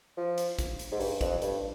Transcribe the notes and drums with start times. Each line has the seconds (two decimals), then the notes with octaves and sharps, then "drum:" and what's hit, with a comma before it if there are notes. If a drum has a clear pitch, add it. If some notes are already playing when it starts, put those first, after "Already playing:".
0.17 F3
0.38 drum: hi-hat
0.59 drum: kick A1, hi-hat
0.79 drum: hi-hat
0.92 G#2
1.00 G2, drum: open hi-hat
1.21 F2, drum: kick A1, hi-hat
1.42 G2, drum: hi-hat